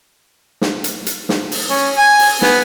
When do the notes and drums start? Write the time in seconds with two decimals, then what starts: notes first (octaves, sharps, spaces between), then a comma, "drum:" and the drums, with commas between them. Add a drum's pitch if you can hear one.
0.61 drum: snare
0.84 drum: hi-hat
1.06 drum: hi-hat
1.29 drum: snare
1.52 drum: open hi-hat
1.69 C#4
1.98 G#5
2.19 drum: open hi-hat
2.42 B3, drum: snare